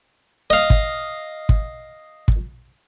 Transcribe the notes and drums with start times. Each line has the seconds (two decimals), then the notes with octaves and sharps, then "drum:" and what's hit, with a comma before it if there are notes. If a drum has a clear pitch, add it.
0.50 D#5 F5
0.70 drum: kick
1.49 drum: kick
2.28 drum: kick